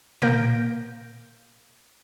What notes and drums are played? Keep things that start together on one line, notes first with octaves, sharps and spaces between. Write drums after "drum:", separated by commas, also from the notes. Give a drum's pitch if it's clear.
A#3 A#4 G6 A#6 D7, drum: tom